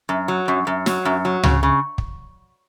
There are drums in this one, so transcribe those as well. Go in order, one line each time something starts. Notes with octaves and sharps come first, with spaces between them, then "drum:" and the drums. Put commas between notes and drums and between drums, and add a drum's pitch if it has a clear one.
F#2
F#3
F#2
F#2
F#3, drum: snare
F#2
F#3
C#3, drum: tom C#2
C#3
drum: kick